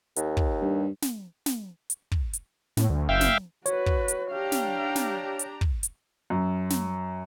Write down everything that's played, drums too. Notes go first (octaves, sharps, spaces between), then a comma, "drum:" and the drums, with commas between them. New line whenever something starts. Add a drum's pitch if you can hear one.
D#2, drum: hi-hat
drum: kick
G2
drum: snare
drum: snare
drum: hi-hat
drum: kick
drum: hi-hat
A2, drum: snare
D2
F#1 E5 F5 G5
drum: snare
F#4 B4 C#5, drum: hi-hat
drum: kick
drum: hi-hat
D4 G4 F5 G5 A#5
drum: snare
drum: snare
drum: hi-hat
drum: kick
drum: hi-hat
F#2
drum: snare